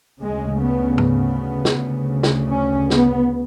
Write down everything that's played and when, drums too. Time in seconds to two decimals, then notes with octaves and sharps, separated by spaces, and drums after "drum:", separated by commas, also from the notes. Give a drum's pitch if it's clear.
0.20 D2 C#3 G#3
0.59 B3
0.98 B3, drum: tom G#2
1.65 drum: snare
1.74 D2 C#3
2.23 drum: snare
2.51 C#4
2.90 B3, drum: snare